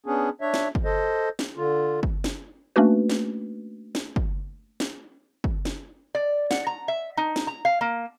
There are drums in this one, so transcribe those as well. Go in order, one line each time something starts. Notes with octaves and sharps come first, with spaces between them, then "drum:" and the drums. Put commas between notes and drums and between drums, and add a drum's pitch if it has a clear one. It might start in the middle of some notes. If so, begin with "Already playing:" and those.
B3 C#4 D4 G#4
D4 C#5 E5
drum: snare
drum: kick
A4 C5 D#5
drum: snare
D3 F4
drum: kick
drum: snare
A3 A#3 C#4 D4 F#4 B4
drum: snare
drum: snare
drum: kick
drum: snare
drum: kick
drum: snare
D5
F#5, drum: snare
A#5
E5
D#4
drum: snare
A#5
F5
A#3